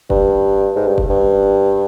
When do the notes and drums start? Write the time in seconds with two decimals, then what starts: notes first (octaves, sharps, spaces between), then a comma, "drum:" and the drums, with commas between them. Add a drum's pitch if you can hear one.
0.10 G2, drum: kick
0.76 G#2
0.87 G2
0.98 drum: kick
1.10 G2